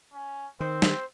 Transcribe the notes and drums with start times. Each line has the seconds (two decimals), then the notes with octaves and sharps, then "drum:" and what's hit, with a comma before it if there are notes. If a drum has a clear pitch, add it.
0.13 C#4
0.60 D#3 C4 C5
0.82 drum: snare